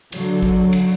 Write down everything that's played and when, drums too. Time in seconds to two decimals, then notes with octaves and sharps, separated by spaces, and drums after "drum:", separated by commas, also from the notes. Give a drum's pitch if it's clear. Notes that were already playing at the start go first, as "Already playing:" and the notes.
0.12 D3 F#3, drum: cymbal
0.42 drum: kick A1
0.73 drum: cymbal